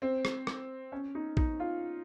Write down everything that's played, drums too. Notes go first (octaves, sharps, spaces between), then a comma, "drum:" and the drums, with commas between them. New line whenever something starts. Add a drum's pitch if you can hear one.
C4
drum: rim click
drum: rim click
C#4
D#4
D#4, drum: kick
F4